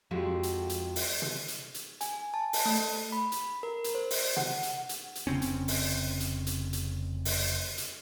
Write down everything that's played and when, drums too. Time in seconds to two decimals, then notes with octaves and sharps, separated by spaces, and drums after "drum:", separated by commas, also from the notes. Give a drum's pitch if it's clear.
0.11 F2 F3 G#3 F#4 G4
0.43 drum: hi-hat
0.70 drum: hi-hat
0.96 drum: open hi-hat
1.22 drum: tom
1.48 drum: hi-hat
1.74 drum: hi-hat
2.01 G#5, drum: hi-hat
2.34 A5
2.53 drum: open hi-hat
2.66 A3
3.12 B5
3.32 drum: hi-hat
3.63 A#4
3.84 drum: hi-hat
3.95 C5
4.11 drum: open hi-hat
4.37 F#5, drum: tom
4.63 drum: hi-hat
4.89 drum: hi-hat
5.15 drum: hi-hat
5.27 F1 C#3 C4 C#4
5.42 drum: hi-hat
5.68 drum: open hi-hat
6.20 drum: hi-hat
6.47 drum: hi-hat
6.73 drum: hi-hat
7.25 drum: open hi-hat
7.78 drum: hi-hat